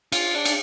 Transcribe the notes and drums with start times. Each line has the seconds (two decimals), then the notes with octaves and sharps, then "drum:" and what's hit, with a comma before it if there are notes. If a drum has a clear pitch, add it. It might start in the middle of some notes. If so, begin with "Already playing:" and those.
0.12 F4, drum: cymbal
0.35 D4
0.45 drum: cymbal